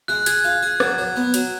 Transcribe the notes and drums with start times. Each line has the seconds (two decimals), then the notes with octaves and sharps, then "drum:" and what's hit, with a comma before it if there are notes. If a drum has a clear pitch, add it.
0.08 G#3 F#6
0.26 G#4 G#6, drum: hi-hat
0.44 F4
0.63 G#4
0.80 F#3, drum: rim click
0.98 F#3
1.16 B3
1.34 F#3, drum: hi-hat